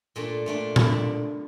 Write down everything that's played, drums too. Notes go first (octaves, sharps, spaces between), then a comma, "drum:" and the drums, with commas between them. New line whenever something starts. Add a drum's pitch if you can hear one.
A#2 A3 D4
A#2 A3 D4
A#2 A3 D4, drum: tom A#2